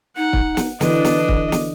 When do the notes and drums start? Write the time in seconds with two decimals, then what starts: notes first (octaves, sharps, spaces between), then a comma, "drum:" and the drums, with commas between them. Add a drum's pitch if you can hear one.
0.17 D#4 F#5
0.33 drum: kick
0.57 drum: snare
0.81 D3 E3 D4 B4 D#5, drum: snare
1.05 drum: snare
1.28 drum: kick
1.52 drum: snare